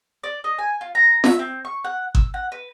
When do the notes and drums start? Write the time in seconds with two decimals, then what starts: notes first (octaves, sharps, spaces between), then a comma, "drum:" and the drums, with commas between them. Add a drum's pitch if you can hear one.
0.23 D5
0.44 D#5
0.58 G#5
0.81 F4
0.95 A#5
1.24 E5, drum: snare
1.39 C4
1.65 C#6
1.85 F#5
2.15 E6, drum: kick G#1
2.34 F#5
2.52 B4